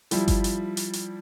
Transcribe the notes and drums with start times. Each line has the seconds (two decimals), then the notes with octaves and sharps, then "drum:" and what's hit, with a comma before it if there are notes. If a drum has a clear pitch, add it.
0.11 F3 G3 E4, drum: hi-hat
0.28 drum: kick G1, hi-hat
0.44 drum: hi-hat
0.77 drum: hi-hat
0.93 drum: hi-hat